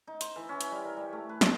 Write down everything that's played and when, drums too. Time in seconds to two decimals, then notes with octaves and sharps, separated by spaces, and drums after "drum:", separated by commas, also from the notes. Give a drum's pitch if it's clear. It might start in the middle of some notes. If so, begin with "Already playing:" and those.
0.07 D#4
0.21 C5, drum: hi-hat
0.36 E3
0.49 C#4
0.61 drum: hi-hat
0.72 G3
0.85 A#4
0.97 G3
1.13 A3
1.29 B4
1.41 C5, drum: snare